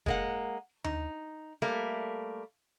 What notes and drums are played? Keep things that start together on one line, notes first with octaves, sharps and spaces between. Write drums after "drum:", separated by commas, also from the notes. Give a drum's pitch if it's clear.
G#3 A#3 F#5, drum: kick F1
D#4, drum: tom D#2
G3 A3 A#3